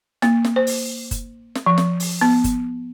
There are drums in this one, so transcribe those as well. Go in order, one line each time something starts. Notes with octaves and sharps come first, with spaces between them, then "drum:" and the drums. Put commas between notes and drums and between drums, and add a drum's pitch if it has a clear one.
A#3, drum: snare
drum: snare
C5
drum: open hi-hat
drum: kick F#1, hi-hat
drum: snare
F3
drum: snare
drum: open hi-hat
B3
drum: kick F#1, hi-hat